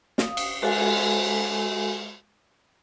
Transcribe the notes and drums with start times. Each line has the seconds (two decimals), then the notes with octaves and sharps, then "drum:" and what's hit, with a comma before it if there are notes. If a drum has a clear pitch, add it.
0.18 F5 D#6, drum: snare
0.37 drum: cymbal
0.62 G#3 F#4 A4 G#5, drum: cymbal